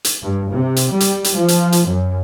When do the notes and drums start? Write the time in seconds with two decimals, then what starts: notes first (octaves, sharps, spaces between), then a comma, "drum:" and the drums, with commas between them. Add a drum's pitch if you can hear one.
0.05 drum: hi-hat
0.22 G2
0.52 C3
0.76 drum: hi-hat
0.90 G3
1.00 drum: hi-hat
1.24 drum: hi-hat
1.37 F3
1.48 drum: hi-hat
1.72 drum: hi-hat
1.87 F#2